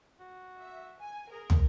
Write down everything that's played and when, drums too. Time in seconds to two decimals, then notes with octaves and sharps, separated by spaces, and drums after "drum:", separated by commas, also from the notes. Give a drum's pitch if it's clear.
0.20 F#4
0.58 E5
0.99 G#5
1.32 G#4 A#4
1.50 drum: tom